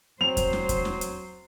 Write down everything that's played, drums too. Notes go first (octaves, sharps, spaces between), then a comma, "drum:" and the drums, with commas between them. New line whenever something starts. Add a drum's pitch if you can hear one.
F#3 C4 C5 F7
drum: kick E2, hi-hat
drum: snare
drum: kick E2, hi-hat
drum: snare
drum: hi-hat